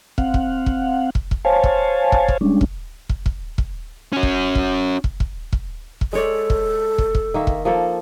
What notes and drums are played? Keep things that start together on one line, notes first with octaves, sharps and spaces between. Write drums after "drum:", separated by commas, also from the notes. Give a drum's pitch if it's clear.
C4 F5 F#5, drum: kick
drum: kick
drum: kick
drum: kick
drum: kick
C5 C#5 F5 G#5 A5
drum: kick
drum: kick
drum: kick
G3 G#3 C#4 D4
drum: kick
drum: kick
drum: kick
drum: kick
C#4 F#4
drum: kick
drum: kick
drum: kick
drum: kick
drum: kick
drum: kick
G#3 A4 C#5 D5
drum: kick
drum: kick
drum: kick
D#3 A#3 E5
drum: kick
F3 A#3 A4